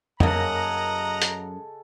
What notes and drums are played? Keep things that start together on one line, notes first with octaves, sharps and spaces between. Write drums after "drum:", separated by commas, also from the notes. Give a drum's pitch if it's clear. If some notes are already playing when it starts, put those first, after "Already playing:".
F#2 C#3 A#3 A4 D#5 F#5 A#5, drum: tom
drum: hi-hat